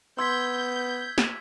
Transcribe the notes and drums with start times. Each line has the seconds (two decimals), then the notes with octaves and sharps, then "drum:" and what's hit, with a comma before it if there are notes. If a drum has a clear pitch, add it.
0.18 B3 C6 E6 G6 G#6 B6
1.18 drum: snare